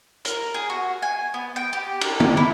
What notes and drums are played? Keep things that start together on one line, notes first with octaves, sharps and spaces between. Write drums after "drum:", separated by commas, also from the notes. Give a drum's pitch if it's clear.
A#4, drum: hi-hat
G#4
F#4
G#5
B3
G5
G4
A#4, drum: cymbal
D5, drum: tom
E4